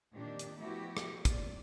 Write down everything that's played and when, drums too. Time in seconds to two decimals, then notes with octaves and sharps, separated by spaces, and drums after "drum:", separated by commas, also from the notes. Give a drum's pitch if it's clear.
0.15 F2 A#2 D#3 D4 G4
0.39 drum: hi-hat
0.60 F3 A3 B3 E4 F#4 G4
0.97 drum: rim click
1.25 D5, drum: kick, hi-hat